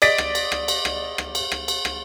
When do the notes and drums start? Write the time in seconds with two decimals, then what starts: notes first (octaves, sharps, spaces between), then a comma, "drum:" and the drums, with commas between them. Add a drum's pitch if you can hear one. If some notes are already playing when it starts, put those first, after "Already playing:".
0.02 D5 D#5 A6 B6 D7, drum: cymbal
0.18 drum: rim click
0.35 drum: cymbal
0.52 drum: rim click
0.68 drum: cymbal
0.85 drum: rim click
1.18 drum: rim click
1.35 drum: cymbal
1.52 drum: rim click
1.68 drum: cymbal
1.85 drum: rim click